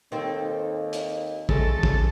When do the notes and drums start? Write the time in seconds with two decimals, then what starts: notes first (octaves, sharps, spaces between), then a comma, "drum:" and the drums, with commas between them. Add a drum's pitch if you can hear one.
0.12 D#2 D#3 C4 A4 C5
0.93 drum: hi-hat
1.49 D3 G#3 A3 A4, drum: kick
1.83 drum: kick